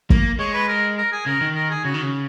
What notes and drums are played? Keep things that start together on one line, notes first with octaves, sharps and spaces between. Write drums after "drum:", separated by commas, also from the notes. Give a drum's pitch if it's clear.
A#3, drum: kick
G#3 C#5
B4
A#4
A#4
G#4
C#3 A#4
D#3
A#4
G#4
C#3 F#4
D#3
C#3